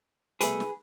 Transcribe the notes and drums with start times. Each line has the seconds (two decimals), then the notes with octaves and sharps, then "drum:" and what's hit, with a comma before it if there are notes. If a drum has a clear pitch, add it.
0.41 C2 B2 A3 G#4 B4, drum: hi-hat
0.60 drum: snare